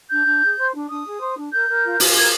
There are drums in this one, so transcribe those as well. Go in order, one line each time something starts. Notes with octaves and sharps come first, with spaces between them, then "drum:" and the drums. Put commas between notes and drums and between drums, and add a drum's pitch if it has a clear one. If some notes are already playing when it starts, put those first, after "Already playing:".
D4 G6
D4
G#4
C5
D4
D4 D#6
G#4
C5
D4
A#4 G6
A#4
F4
F4, drum: open hi-hat
A#4 G#6